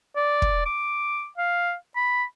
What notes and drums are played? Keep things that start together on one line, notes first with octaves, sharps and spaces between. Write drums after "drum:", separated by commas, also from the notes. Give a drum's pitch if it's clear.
D5
drum: kick
D6
F5
B5